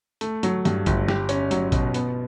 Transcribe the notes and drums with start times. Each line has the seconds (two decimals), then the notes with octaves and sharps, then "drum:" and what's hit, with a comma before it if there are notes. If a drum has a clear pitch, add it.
0.21 A3, drum: hi-hat
0.43 F#3, drum: hi-hat
0.65 G2, drum: hi-hat
0.86 G1, drum: kick, hi-hat
1.08 G4, drum: snare
1.29 C#4, drum: hi-hat
1.51 F#3, drum: hi-hat
1.72 B2, drum: kick, hi-hat
1.94 B3, drum: hi-hat